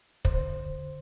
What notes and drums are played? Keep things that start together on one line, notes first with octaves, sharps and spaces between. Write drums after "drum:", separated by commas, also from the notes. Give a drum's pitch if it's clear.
D3 C5, drum: kick